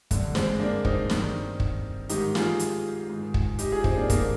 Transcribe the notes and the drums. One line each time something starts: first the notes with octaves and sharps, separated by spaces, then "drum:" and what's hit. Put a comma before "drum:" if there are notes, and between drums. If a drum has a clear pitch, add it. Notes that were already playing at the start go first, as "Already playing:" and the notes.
G2 D3, drum: kick, hi-hat
G#3 C4, drum: snare
A#3 D4
C4 D#4, drum: kick
G2 D#3, drum: snare
drum: kick
G#2 D#3 D#4 G4, drum: hi-hat
F4 G#4, drum: snare
drum: hi-hat
G#2 D#3
drum: kick
D#4 G4, drum: hi-hat
F4 G#4
C4 D#4, drum: kick
A#3 D4
G#2 D#3 A#3 D4, drum: kick, hi-hat